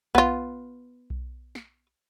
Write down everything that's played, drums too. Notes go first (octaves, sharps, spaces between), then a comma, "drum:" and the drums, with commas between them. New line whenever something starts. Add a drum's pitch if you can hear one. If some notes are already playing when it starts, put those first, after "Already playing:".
B3 F4, drum: kick B1
drum: kick B1
drum: snare